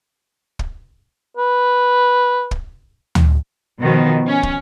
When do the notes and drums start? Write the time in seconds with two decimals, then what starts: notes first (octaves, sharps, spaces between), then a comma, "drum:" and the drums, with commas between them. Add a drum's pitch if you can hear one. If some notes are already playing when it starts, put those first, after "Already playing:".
0.59 drum: kick
1.37 B4
2.51 drum: kick
3.15 drum: tom D2
3.79 B2 D#3 F3
4.27 C#4
4.43 drum: kick